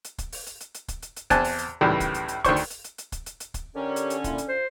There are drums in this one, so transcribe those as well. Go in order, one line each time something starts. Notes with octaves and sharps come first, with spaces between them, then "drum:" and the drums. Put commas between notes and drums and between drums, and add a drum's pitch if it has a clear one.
drum: hi-hat
drum: kick, hi-hat
drum: open hi-hat
drum: hi-hat
drum: hi-hat
drum: hi-hat
drum: kick, hi-hat
drum: hi-hat
drum: hi-hat
E2 C4 G#5 A5 F#6, drum: kick, hi-hat
drum: open hi-hat
drum: hi-hat
C#2 A2 D#3 E3 G3
drum: kick, hi-hat
drum: hi-hat
drum: hi-hat
D2 D#3 C5 C#6, drum: kick, hi-hat
drum: open hi-hat
drum: hi-hat
drum: hi-hat
drum: hi-hat
drum: kick, hi-hat
drum: hi-hat
drum: hi-hat
drum: kick, hi-hat
D3 C#4 G4 A#4 C#5
drum: hi-hat
drum: hi-hat
A#2 E4 F4, drum: kick, hi-hat
drum: hi-hat
F4 C5